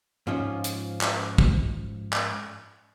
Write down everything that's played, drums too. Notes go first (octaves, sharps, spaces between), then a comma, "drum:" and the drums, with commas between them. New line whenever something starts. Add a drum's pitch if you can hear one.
G#2 F3 C#4 F4
drum: hi-hat
drum: clap
drum: kick
drum: clap